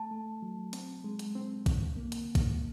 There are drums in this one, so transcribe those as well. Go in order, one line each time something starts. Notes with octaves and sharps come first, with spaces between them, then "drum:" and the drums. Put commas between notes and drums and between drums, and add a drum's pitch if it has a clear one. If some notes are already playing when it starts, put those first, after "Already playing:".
Already playing: A3 A5
A3
F#3
C4, drum: hi-hat
G#3
drum: hi-hat
C4
D3, drum: kick, hi-hat
A#3
drum: hi-hat
drum: kick, hi-hat